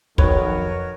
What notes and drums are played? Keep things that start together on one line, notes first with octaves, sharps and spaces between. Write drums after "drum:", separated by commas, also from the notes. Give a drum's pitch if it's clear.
B1 F2 D#3 F#4 A#4 B4 C#5, drum: kick